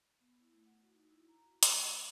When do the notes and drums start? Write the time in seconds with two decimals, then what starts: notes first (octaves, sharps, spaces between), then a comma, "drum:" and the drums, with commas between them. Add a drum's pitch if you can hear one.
0.20 B3
0.40 E4
0.53 A3
0.66 F#5
0.82 F#4
0.94 D#4
1.09 E4
1.28 A#5
1.44 F#4
1.63 A3, drum: hi-hat
1.76 D5
1.95 F5